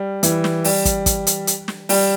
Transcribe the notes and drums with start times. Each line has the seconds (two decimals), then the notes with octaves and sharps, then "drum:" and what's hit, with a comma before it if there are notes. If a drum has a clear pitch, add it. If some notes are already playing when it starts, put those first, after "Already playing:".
Already playing: G3
0.23 E3, drum: hi-hat
0.44 drum: snare
0.64 G3, drum: open hi-hat
0.85 drum: kick, hi-hat
1.06 drum: kick, hi-hat
1.27 drum: hi-hat
1.47 drum: hi-hat
1.68 drum: snare
1.89 G3, drum: open hi-hat